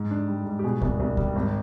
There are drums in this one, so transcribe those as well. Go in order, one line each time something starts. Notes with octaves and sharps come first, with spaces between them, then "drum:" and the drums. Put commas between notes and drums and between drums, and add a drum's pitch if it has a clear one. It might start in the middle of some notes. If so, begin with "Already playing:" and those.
Already playing: G#2
D4
G3
G#2
G4
B2 G#4
C2, drum: kick D2
C2
G3, drum: kick D2
G#1